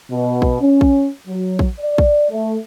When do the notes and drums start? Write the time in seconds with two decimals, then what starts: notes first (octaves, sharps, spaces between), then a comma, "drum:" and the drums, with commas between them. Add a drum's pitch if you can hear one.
0.11 B2
0.42 drum: kick
0.62 C#4
0.81 drum: kick
1.28 F#3
1.59 drum: kick
1.81 D5
1.98 drum: kick
2.30 A3